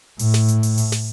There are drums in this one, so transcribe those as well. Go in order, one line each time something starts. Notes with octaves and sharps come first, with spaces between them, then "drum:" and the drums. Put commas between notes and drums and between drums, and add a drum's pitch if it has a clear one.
A2, drum: open hi-hat
drum: snare
drum: hi-hat
drum: open hi-hat
drum: open hi-hat
drum: snare